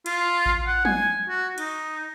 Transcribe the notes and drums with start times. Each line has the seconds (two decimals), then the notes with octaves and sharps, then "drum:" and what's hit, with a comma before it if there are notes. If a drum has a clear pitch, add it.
0.06 F4, drum: cymbal
0.46 drum: kick A1
0.67 F#5
0.85 G#5, drum: tom
1.29 F#4
1.58 D#4, drum: cymbal